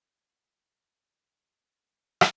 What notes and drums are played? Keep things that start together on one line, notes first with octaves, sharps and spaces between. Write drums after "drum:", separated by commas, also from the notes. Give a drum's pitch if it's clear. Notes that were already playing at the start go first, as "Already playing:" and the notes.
C3 F3 B3 F4
A#3 G#4
E5 G#5 D6
G4
drum: rim click